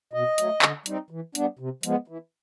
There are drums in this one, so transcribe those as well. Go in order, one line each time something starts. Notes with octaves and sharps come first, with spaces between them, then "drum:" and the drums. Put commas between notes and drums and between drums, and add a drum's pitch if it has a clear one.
B2 D#5
F#3 A3, drum: hi-hat
D3, drum: clap
G3 C4 D#4, drum: hi-hat
E3
G3 B3 D4, drum: hi-hat
C3
F3 G#3 B3, drum: hi-hat
E3